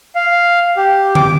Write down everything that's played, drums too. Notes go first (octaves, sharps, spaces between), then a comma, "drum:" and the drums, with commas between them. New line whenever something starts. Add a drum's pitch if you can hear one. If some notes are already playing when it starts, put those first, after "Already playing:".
F5
G4
D6, drum: tom D3